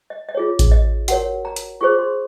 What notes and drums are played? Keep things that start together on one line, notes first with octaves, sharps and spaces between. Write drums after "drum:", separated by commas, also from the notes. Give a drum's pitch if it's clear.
D#5
D#5
F4 G#4 C#5
drum: kick A1, hi-hat
D#5
F#4 A#4 C#5 F#5, drum: hi-hat
A#5
drum: hi-hat
F4 G#4 C5 C#6
C6